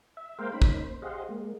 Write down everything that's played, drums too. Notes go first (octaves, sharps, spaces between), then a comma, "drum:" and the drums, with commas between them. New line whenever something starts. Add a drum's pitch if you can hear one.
E5
G#3 A#3 A#4 C5 F5 G5
A#3 C#4 D#4 C5 B5
drum: kick
C5
G4 G#4 C5 D#5 F5 F#5
G#3 A#3